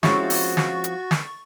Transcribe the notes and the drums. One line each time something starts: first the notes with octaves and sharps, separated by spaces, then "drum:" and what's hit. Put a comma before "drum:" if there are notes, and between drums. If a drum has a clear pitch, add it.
F3 G#3 C4 C#4 E4 F#4 C#6 A6, drum: snare
drum: open hi-hat
drum: snare
drum: hi-hat
drum: snare